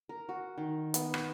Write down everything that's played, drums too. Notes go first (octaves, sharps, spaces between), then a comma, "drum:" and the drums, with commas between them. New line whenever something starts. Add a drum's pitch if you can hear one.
A#4
F#4
D#3
B3, drum: hi-hat
drum: rim click